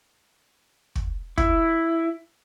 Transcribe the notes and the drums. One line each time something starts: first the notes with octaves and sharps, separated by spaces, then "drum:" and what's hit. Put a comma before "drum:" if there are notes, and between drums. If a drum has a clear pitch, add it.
drum: kick
E4, drum: kick